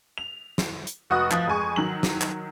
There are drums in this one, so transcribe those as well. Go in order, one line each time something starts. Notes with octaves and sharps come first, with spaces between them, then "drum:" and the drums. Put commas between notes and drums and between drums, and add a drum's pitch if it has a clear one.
F7
drum: snare
drum: hi-hat
F1 F#4 C#6 D#6 F#6
F3, drum: clap
F2 G#3 G#5 C#6
D#3 F#3 F#7
drum: snare
drum: clap